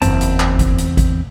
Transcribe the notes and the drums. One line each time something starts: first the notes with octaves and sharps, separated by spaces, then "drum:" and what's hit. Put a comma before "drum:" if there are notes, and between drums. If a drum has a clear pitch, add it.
F#1 E2 C4 A5, drum: hi-hat
drum: hi-hat
drum: clap
drum: kick G#1, hi-hat
drum: hi-hat
drum: kick G#1, hi-hat